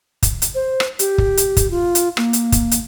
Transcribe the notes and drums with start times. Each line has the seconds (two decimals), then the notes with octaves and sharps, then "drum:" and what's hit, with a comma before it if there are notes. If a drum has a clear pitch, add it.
0.23 drum: kick, hi-hat
0.42 drum: hi-hat
0.55 C5
0.80 drum: rim click
0.99 G4, drum: hi-hat
1.18 drum: kick
1.37 drum: hi-hat
1.57 drum: kick, hi-hat
1.71 F4
1.95 drum: hi-hat
2.17 A#3, drum: rim click
2.33 drum: hi-hat
2.52 drum: kick, hi-hat
2.71 drum: hi-hat